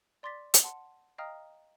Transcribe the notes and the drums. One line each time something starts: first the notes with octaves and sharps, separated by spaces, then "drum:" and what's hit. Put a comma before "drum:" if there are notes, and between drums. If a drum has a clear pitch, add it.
D5 C6 D6 A6 B6
drum: hi-hat
F#5 A5 C6
D#5 F5 G5 A#5 D#6 F6